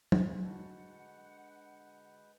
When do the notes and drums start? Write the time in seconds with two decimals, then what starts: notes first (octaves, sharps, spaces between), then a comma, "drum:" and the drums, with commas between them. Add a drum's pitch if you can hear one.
0.12 drum: tom
0.45 D3 G#3 F#4 B4 F#5 A5 G6